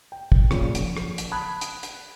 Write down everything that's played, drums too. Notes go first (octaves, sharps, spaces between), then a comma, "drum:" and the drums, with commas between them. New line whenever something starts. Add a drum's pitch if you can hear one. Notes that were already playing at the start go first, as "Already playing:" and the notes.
G5
drum: kick
F#2 A#2 C#3, drum: rim click
A#1, drum: hi-hat
drum: rim click
drum: hi-hat
A5 B5 D#6 F#6 G#6
drum: hi-hat
drum: hi-hat